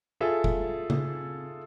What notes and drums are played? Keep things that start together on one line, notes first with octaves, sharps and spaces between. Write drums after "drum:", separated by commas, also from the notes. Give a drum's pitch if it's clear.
F4 G#4 A4 E5
drum: kick F1
drum: tom C#3